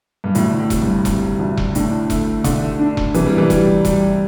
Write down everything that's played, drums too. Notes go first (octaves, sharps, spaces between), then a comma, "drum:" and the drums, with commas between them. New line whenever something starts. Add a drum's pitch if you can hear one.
G2
D2 A2, drum: hi-hat
A2
C3, drum: kick E1, hi-hat
G2
C3, drum: kick E1, hi-hat
D2
drum: kick E1
A2 D4, drum: hi-hat
A3, drum: kick E1, hi-hat
D3 A3, drum: kick E1, hi-hat
D4
drum: kick E1
C3 E3, drum: hi-hat
G3
E3
G3, drum: kick E1, hi-hat
G3, drum: kick E1, hi-hat